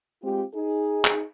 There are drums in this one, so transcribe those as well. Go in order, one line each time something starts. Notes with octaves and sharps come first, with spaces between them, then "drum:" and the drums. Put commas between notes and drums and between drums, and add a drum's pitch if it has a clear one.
G#3 C4 F4 G4
D#4 G#4
drum: clap